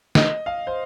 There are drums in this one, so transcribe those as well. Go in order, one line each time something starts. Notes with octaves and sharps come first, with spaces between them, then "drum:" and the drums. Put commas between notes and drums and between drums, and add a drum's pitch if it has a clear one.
D#5, drum: snare
F5
C5